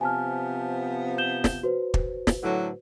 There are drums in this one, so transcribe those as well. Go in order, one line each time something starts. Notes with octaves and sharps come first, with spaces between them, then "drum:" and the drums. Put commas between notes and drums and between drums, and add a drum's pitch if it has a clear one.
C3 F3 B3 G#5 A5 F6
G6 E7 G7
drum: snare
F#4 B4 C5
drum: kick
drum: snare
A2 D3 F#3